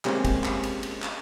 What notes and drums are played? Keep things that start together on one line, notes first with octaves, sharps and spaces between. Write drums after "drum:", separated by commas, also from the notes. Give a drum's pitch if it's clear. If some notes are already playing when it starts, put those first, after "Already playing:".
G#3 A#3 C4 C#4 G4, drum: clap
drum: kick, cymbal
drum: clap
drum: cymbal
drum: cymbal
drum: clap